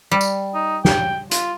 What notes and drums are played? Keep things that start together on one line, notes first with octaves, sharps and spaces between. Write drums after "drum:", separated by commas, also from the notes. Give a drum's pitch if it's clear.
G3
drum: tambourine
D#4
G5, drum: snare
F4, drum: hi-hat